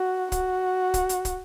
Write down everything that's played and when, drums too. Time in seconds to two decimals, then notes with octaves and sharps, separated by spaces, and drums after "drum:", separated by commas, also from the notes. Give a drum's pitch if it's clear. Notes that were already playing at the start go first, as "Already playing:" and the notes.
Already playing: F#4
0.32 F#4, drum: kick, hi-hat
0.94 drum: kick, hi-hat
1.09 drum: hi-hat
1.25 drum: kick, hi-hat